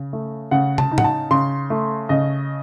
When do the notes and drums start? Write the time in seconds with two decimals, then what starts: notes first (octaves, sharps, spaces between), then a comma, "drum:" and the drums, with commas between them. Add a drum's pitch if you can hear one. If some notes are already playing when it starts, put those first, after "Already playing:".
Already playing: C#3
0.13 A3
0.51 C#3 F#5
0.78 A5, drum: tom
0.92 D#4
0.98 F#5, drum: tom A2
1.04 A5
1.31 C#3 C6
1.70 A3
2.09 C#3 D#5